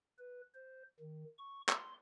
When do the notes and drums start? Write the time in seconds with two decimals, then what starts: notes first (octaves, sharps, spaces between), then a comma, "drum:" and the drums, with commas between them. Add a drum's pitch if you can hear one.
0.19 B4
0.54 C5
1.00 D#3
1.38 C#6
1.69 C6, drum: clap